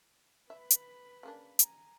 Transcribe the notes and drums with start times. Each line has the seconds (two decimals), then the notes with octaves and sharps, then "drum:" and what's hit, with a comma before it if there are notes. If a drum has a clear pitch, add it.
0.50 B4 E5 B5
0.70 drum: hi-hat
1.23 C#3 A#3 D4
1.59 G#5 A#5, drum: hi-hat